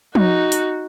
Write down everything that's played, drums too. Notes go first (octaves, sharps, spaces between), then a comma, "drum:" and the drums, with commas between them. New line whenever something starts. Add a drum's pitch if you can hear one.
D#4 F#4, drum: tom F3
drum: hi-hat